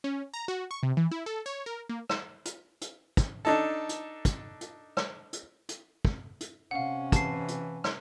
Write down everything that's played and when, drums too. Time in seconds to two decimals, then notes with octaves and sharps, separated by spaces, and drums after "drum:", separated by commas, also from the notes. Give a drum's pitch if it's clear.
0.04 C#4
0.34 A#5
0.48 F#4
0.71 C#6
0.83 C3
0.97 E3
1.12 E4
1.26 A4
1.46 C#5
1.66 A#4
1.89 A#3
2.09 drum: rim click
2.45 drum: hi-hat
2.81 drum: hi-hat
3.17 drum: kick, hi-hat
3.45 D4 D#4 A4
3.89 drum: hi-hat
4.25 drum: kick, hi-hat
4.61 drum: hi-hat
4.97 drum: rim click
5.33 drum: hi-hat
5.69 drum: hi-hat
6.05 drum: kick
6.41 drum: hi-hat
6.71 C3 C#4 F5 F#5
7.12 E3 A5 C7, drum: kick, hi-hat
7.48 drum: hi-hat
7.84 drum: rim click